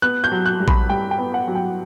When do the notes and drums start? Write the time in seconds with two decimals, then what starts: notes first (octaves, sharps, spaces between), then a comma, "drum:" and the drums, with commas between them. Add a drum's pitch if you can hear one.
0.02 B3 F#6
0.24 G6
0.32 F#3
0.46 F#6
0.60 G2
0.68 B5, drum: kick A#1
0.89 G2 G5
1.11 G5
1.19 B3
1.34 F#5
1.48 F#3
1.55 G5